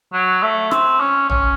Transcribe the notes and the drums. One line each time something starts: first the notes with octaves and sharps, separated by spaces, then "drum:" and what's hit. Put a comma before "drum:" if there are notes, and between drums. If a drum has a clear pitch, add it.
F#3
A3
C4, drum: rim click
C#4
C#4, drum: tom